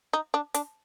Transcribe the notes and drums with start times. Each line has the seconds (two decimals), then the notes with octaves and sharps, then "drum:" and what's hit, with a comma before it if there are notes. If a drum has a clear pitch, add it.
0.13 D#4
0.34 D4
0.54 D4, drum: hi-hat